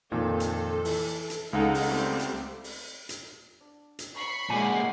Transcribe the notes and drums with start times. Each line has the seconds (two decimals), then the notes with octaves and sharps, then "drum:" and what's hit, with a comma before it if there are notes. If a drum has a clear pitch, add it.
0.12 F2 A#2 D#3 A4
0.40 drum: hi-hat
0.85 E3, drum: open hi-hat
1.30 drum: hi-hat
1.53 C#2 G#3 D#4 A4 F5 F#5
1.75 drum: open hi-hat
1.87 G3 A3 C4
2.19 drum: hi-hat
2.64 drum: open hi-hat
3.09 drum: hi-hat
3.61 D4
3.99 drum: hi-hat
4.15 C#5 A5 B5 C#6 C7
4.49 A#2 G#3 F#4 F#5 G#5